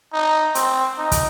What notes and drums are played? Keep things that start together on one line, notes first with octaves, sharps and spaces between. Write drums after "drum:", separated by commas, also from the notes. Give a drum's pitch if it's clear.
D#4
C4, drum: hi-hat
D#4
drum: kick, hi-hat